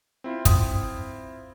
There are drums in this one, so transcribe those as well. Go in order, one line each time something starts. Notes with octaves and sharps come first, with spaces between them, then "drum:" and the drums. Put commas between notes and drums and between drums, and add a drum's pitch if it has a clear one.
C4 E4 F4
D#6, drum: kick, hi-hat